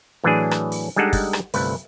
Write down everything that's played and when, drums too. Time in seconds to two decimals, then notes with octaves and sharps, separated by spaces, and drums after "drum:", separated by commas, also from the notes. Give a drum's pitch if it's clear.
0.24 A2 E3 F#3 A3 D4 G#4
0.51 drum: rim click
0.72 drum: open hi-hat
0.96 G3 G#3 D4 D#4 A4 F#5
1.13 drum: kick, open hi-hat
1.33 drum: rim click
1.54 G1 C2 A3 B4, drum: open hi-hat